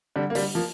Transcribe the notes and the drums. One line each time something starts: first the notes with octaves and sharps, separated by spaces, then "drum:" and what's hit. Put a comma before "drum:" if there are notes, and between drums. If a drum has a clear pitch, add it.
D3 G3
A#3
D3 G3, drum: open hi-hat
F3 A#3